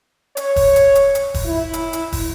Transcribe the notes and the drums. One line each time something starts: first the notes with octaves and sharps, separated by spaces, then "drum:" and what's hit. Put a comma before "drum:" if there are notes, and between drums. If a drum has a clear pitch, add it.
C#5, drum: hi-hat
drum: kick, open hi-hat
drum: hi-hat
drum: hi-hat
drum: hi-hat
drum: kick, open hi-hat
E4
drum: hi-hat
drum: hi-hat
drum: kick, open hi-hat